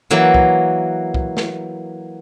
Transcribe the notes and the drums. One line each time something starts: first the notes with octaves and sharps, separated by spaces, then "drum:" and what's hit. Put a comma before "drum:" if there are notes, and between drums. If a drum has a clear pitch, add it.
E3 F#3 A#3
drum: kick
drum: kick
drum: snare